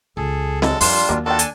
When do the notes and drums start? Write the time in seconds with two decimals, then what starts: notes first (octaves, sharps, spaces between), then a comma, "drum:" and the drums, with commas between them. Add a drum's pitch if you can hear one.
0.17 C#2 G#4 A4
0.62 D3 D#3 F#3 G#3 E4 A4, drum: snare C4
0.81 F2 G3 D4 F4 C6, drum: open hi-hat
1.09 D#2 F#3 G#3 A#3
1.26 D4 F4 F#4 A4 A#4 G5
1.39 D4 G#5, drum: hi-hat